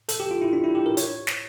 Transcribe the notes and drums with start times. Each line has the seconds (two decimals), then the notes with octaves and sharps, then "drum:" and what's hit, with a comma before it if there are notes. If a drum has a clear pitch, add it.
0.09 A4, drum: hi-hat
0.20 G4
0.31 F4
0.42 E4
0.53 D4
0.64 E4
0.75 G4
0.86 A#4
0.97 C#5, drum: hi-hat
1.27 drum: snare